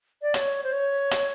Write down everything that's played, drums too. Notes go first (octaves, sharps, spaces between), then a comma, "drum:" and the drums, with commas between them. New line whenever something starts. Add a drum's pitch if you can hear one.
D5
C#5, drum: hi-hat
C5
C#5
drum: hi-hat